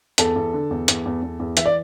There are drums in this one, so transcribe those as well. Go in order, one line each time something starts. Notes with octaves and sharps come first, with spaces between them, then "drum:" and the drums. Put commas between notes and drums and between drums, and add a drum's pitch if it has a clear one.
E2 A4, drum: hi-hat
E2
D3
E2
E2, drum: hi-hat
E2
E2
E2
E3 E5, drum: hi-hat
D5